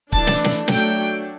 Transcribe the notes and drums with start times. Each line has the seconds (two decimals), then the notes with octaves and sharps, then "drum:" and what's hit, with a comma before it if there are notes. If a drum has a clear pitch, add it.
0.12 E3 A3 D4 A5, drum: kick C#1
0.27 drum: snare
0.44 drum: snare
0.68 F#3 A3 D4 G5, drum: snare